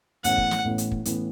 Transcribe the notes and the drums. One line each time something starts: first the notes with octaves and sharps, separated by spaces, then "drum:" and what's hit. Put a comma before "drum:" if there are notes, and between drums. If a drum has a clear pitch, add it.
A1 A2 E3 B3 F#5, drum: hi-hat
drum: kick
drum: snare
A1 A2 E3 B3
drum: hi-hat
drum: kick
A1 A2 E3 B3, drum: hi-hat